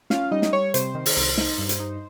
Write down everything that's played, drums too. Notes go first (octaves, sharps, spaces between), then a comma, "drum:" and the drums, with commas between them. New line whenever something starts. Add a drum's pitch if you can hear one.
C#4 F4 F5, drum: snare
G3 D#4 D#5
drum: snare
G3 C#5
C3 C5, drum: hi-hat
D#3
drum: open hi-hat
C2
D#4, drum: snare
G2
drum: hi-hat
D#4